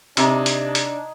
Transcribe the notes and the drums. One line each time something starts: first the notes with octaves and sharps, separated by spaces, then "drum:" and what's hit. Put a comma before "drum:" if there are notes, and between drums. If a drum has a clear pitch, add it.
C3 D4 D#4 D#5 G#5, drum: hi-hat
drum: hi-hat
drum: hi-hat